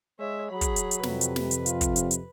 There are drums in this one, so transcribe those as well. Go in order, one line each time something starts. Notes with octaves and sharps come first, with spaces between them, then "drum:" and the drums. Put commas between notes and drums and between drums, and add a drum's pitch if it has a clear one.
G#3 C#5 E5
F#3 G#4 B5
drum: kick, hi-hat
drum: hi-hat
drum: hi-hat
F2 C3 B4, drum: snare
drum: hi-hat
drum: snare
drum: hi-hat
F4, drum: hi-hat
drum: kick, hi-hat
drum: hi-hat
drum: hi-hat